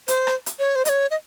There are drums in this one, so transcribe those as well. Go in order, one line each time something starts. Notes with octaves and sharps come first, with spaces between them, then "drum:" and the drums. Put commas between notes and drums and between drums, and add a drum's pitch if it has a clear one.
C5, drum: hi-hat
drum: rim click
drum: hi-hat
C#5
C5
D#5, drum: hi-hat
C#5
D#5